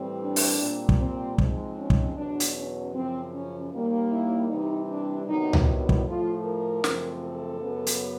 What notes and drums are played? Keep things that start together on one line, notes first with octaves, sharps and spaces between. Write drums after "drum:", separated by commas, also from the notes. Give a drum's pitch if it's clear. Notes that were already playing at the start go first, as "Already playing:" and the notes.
Already playing: A2 E3 G3 C4
D4
drum: open hi-hat
A#2 G3 C4
drum: kick
C4
G#2 F3 G#3 C4, drum: kick
C#4
drum: kick
E2 B2 F#3 D4
drum: hi-hat
C#4
F#2 C#3 F3 C4
C#4
D#2 D#3 G3 A#3
E4
C3 E3 G3 D#4
D4
C3 D#3 F#3 B3 D#4
drum: tom C#2
E4
drum: kick
A2 F3 A3 F4
A#4
F#2 C#3 F3 A3 C4, drum: snare
A4
F#2 C#3 F#3 B3
drum: hi-hat